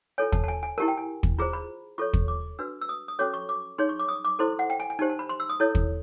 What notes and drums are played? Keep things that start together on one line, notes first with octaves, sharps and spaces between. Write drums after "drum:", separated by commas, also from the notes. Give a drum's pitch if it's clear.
F4 A4 C#5 G#5
A5, drum: kick
A5
G#5
G#5
E4 G4 A#4 A5
G5
G#5
drum: kick
F4 G#4 C5 A#5
B5
F4 A4 C#5 C#6
drum: kick
D6
D4 F#4 B4 E6
E6
D#6
D#6
C#4 F#4 A4 C#5 D6
C#6
D6
D#4 G#4 C#5 C6
C#6
D6
D#6
D6
E4 A4 C5 C6
F#5
G5
G#5
G#5
D#4 G4 C5 A5
A5
B5
C6
E6
D#6
E4 A4 C#5
drum: kick